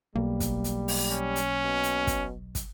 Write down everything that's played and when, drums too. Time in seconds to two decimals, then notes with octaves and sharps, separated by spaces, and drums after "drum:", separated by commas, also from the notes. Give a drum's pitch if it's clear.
0.15 B1 G3 A#3
0.40 drum: kick, hi-hat
0.64 drum: hi-hat
0.88 drum: open hi-hat
1.12 C#4
1.36 drum: hi-hat
1.63 B2
1.83 drum: hi-hat
2.07 drum: kick, hi-hat
2.55 drum: kick, hi-hat